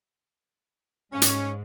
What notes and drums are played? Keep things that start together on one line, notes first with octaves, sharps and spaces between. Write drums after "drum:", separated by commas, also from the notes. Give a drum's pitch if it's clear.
G#2 C#4
drum: hi-hat